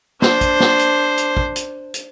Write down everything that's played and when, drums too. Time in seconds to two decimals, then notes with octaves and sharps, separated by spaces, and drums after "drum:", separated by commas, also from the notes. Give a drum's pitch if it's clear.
0.22 D4 C5, drum: snare
0.41 drum: kick, hi-hat
0.60 drum: snare
0.79 drum: hi-hat
1.18 drum: hi-hat
1.37 drum: kick
1.56 drum: hi-hat
1.94 drum: hi-hat